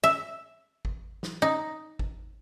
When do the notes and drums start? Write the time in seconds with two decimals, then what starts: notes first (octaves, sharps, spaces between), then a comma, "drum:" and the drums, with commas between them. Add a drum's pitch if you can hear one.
0.04 E5
0.85 drum: kick G#1
1.23 drum: snare
1.42 D#4
1.99 drum: kick G#1